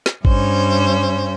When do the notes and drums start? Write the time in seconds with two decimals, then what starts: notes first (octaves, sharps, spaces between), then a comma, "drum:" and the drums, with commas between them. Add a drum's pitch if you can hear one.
0.06 drum: snare
0.25 G2 C#4 C5, drum: kick G#1